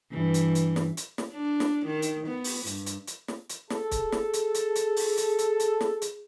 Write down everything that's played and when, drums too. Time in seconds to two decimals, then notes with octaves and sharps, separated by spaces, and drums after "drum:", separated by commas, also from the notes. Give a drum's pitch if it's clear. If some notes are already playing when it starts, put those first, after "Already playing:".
0.11 G2 E3
0.34 drum: hi-hat
0.55 drum: hi-hat
0.76 drum: snare
0.97 drum: hi-hat
1.18 drum: snare
1.32 D4
1.60 drum: snare
1.86 D#3
2.02 drum: hi-hat
2.28 B3
2.44 drum: open hi-hat
2.66 G2, drum: hi-hat
2.86 drum: hi-hat
3.07 drum: hi-hat
3.28 drum: snare
3.49 drum: hi-hat
3.70 G#4 A4, drum: snare
3.91 drum: kick C#1, hi-hat
4.12 drum: snare
4.33 drum: hi-hat
4.54 drum: hi-hat
4.75 drum: hi-hat
4.96 drum: open hi-hat
5.17 drum: hi-hat
5.38 drum: hi-hat
5.60 drum: hi-hat
5.81 drum: snare
6.02 drum: hi-hat